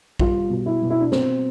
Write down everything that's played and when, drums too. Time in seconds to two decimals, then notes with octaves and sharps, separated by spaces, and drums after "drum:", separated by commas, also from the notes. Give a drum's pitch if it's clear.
0.20 G3 F4, drum: kick A#1
0.50 B2
0.66 E4
0.82 B2
0.90 E4
1.01 D4
1.12 B2 C4, drum: snare